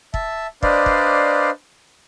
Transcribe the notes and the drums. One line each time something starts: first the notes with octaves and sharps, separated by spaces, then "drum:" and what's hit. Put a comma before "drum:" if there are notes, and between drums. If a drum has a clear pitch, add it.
E5 A5, drum: kick
D4 B4 C5 D5 D#5 F5, drum: kick
drum: kick